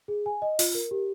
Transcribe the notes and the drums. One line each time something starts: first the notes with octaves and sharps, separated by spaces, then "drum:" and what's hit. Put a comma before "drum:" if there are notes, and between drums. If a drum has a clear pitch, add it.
G#4
G#5
D#5
F4, drum: open hi-hat
A#4
G4